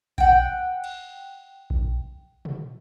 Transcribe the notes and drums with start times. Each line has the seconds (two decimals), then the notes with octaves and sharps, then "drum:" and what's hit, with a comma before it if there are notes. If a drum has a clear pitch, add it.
0.18 F#5 G5, drum: kick A#1
0.84 drum: cymbal
1.70 drum: kick A#1
2.45 drum: tom